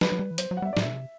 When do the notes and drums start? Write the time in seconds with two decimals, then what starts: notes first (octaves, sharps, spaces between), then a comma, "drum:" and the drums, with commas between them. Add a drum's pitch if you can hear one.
0.01 B4, drum: snare
0.12 F#3
0.19 G3
0.31 E3
0.38 F#3 C5, drum: hi-hat
0.51 F#3
0.57 F#5
0.62 G3 E5
0.73 D5
0.77 A2, drum: snare
0.81 B2 E5
0.93 C3